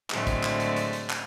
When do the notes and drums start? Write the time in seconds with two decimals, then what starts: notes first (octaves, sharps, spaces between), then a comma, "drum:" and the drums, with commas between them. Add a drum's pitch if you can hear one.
0.10 A2 D3 F#3 G#3 A3 C4, drum: clap
0.27 drum: kick, hi-hat
0.43 drum: clap
0.60 drum: hi-hat
0.76 drum: hi-hat
0.93 drum: hi-hat
1.10 drum: clap